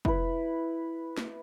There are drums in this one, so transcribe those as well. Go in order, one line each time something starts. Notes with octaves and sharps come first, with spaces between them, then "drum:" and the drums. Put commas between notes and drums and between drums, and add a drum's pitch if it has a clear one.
E4 B4, drum: kick
drum: snare